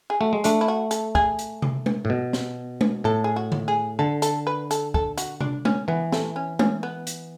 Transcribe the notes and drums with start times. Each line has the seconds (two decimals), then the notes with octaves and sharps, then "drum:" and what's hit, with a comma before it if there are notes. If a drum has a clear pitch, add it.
0.10 G#4
0.21 A3 F#4
0.33 G#3
0.44 A3 D4, drum: hi-hat
0.61 E4
0.68 F#4
0.91 A4, drum: hi-hat
1.15 G#4, drum: kick
1.39 drum: hi-hat
1.62 drum: tom C3
1.86 drum: tom G#3
2.05 A2
2.10 B2
2.33 drum: snare
2.81 drum: tom G#3
3.04 A2 A4
3.24 G#4
3.36 F#4
3.52 drum: tom D3
3.68 G#4
3.99 D3 A4
4.22 A4, drum: hi-hat
4.47 B4
4.71 A4, drum: hi-hat
4.94 A4, drum: kick
5.18 F#4, drum: hi-hat
5.40 D4, drum: tom C3
5.65 C#4, drum: tom G#3
5.88 E3 B3
6.12 A3, drum: snare
6.36 C#4
6.59 C#4, drum: tom G#3
6.83 B3
7.07 drum: hi-hat